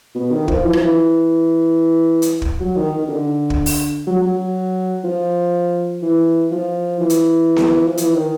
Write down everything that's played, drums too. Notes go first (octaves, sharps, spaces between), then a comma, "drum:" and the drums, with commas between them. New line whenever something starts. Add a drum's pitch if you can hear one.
B2
D#3
F3, drum: kick
E3
F3, drum: rim click
E3
drum: hi-hat
drum: kick
F#3
D#3
D#3
D3
drum: kick
drum: open hi-hat
F#3
F#3
F3
E3
F3
E3
drum: hi-hat
drum: snare B3
F3
E3, drum: hi-hat
D#3